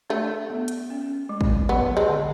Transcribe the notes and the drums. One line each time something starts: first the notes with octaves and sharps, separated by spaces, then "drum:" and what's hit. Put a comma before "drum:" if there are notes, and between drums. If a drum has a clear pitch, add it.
A3 D4
B3
drum: hi-hat
C#4
G#3
drum: kick
F#3 B3
G#3
D3